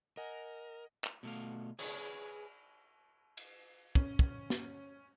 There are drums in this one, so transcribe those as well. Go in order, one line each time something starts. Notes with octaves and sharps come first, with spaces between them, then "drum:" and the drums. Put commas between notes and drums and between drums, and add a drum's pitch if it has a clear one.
A#4 D#5 F#5 G#5
drum: clap
B2 A3 F5
G#4 B4 C#5, drum: cymbal
drum: cymbal
C#4, drum: kick
drum: kick
drum: snare